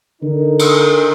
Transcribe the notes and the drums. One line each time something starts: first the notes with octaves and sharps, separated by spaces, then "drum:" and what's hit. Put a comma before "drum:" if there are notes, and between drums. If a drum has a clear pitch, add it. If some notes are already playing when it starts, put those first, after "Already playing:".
D3 D#4 A#4
drum: cymbal